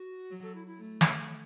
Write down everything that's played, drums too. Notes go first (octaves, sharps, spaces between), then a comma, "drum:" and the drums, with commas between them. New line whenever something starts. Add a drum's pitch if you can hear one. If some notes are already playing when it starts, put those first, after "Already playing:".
Already playing: F#4
F#3
A4
E4
E4
A3
drum: snare